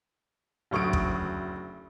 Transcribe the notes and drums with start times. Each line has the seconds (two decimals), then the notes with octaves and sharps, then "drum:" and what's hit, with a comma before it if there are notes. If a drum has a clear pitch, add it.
0.71 F#1 D2 C#6 D#6 D7
0.93 drum: kick